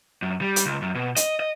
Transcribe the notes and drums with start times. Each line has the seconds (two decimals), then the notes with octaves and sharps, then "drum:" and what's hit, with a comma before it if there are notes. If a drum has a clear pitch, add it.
0.22 F#2
0.41 G3
0.56 drum: hi-hat
0.66 C#2
0.82 F#2
0.95 B2
1.16 D#5, drum: hi-hat
1.40 D#5